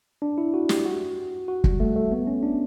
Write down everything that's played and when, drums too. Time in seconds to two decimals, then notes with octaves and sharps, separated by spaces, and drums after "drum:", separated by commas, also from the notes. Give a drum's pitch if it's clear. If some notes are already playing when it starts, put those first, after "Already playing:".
0.22 D4
0.38 E4
0.54 F#4
0.69 G4, drum: snare
0.85 F#4
1.48 F#4
1.64 G3, drum: kick
1.80 A3
1.96 A3
2.12 B3
2.27 C#4
2.43 D4